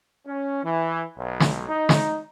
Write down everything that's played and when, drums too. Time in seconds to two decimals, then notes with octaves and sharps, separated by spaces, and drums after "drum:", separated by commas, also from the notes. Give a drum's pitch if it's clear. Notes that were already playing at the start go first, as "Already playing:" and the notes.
0.25 C#4
0.62 E3
1.16 B1
1.40 drum: snare
1.68 D#4
1.89 drum: snare